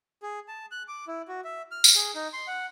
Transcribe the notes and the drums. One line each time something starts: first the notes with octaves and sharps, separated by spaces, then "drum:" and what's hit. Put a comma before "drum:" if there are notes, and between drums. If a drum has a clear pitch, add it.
G#4
A5
F#6
D6
E4
F#4
E5
F6
drum: tambourine
G#4
D#4
C6
F#5